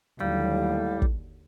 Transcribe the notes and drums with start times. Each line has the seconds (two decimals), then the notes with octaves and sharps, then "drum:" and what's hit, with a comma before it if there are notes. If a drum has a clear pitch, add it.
0.20 D#2 A2 D3 F#3 G3 F5
1.02 drum: kick